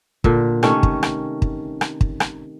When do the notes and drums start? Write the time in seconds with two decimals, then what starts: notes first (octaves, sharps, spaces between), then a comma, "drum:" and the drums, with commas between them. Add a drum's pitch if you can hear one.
0.24 A#2 D3, drum: kick
0.63 C3 D#3 A3 C#4, drum: rim click
0.83 drum: kick
1.03 drum: rim click
1.42 drum: kick
1.81 drum: rim click
2.01 drum: kick
2.20 drum: rim click